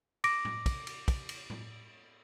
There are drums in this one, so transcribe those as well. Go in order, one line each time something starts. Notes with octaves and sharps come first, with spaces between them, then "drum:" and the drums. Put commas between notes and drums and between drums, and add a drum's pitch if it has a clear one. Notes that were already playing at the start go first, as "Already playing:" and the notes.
D6 A#6 D7, drum: cymbal
drum: tom A2
drum: kick, cymbal
drum: cymbal
drum: kick, cymbal
drum: cymbal
drum: tom A2